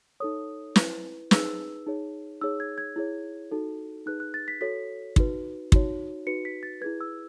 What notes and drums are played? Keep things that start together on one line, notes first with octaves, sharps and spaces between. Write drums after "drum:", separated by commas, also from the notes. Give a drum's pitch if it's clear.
D#4 A4 C#5 D#6
E4 B4, drum: snare
D#4 G#4 B4 E6, drum: snare
D#4 G#4 C#5
D#4 G#4 C#5 E6
G#6
G#6
E4 G#4 C#5
D#4 F#4 A4
D#4 G#4 B4 F#6
F#6
A6
B6
F#4 A4 C#5 B6
D#4 F#4 B4, drum: kick
D#4 F#4 C#5, drum: kick
D#4 F#4 B4 C#7
B6
A6
E4 G#4 B4 G#6
E6